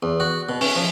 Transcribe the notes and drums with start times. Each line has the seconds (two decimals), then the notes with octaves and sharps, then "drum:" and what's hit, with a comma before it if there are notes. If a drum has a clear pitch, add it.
0.03 E2
0.20 F#4
0.49 B2
0.61 C#4, drum: open hi-hat
0.76 F3